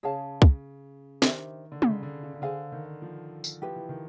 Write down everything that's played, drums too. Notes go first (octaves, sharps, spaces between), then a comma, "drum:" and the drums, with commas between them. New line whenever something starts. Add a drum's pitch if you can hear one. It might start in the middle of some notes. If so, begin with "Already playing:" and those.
C#3 G#4 C#5 F5 A5
drum: kick
D#3 D4 G4 C5 E5, drum: snare
D3
C#3, drum: tom
D3
C#3
C#3
D3 G#4 C5 F5 G#5
D#3
F3
drum: tambourine
F3 E4 G4 B4
E3
D#3